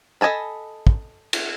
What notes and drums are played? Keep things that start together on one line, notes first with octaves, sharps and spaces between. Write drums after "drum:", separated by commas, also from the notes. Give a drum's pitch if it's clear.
A4 D#5 G#5 A5 B5
drum: kick
drum: cymbal